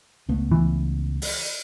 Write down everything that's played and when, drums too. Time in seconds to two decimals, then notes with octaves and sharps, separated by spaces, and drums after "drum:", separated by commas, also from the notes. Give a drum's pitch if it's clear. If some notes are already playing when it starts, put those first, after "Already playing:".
0.29 C#2 A3 B3
0.52 E3
1.22 drum: open hi-hat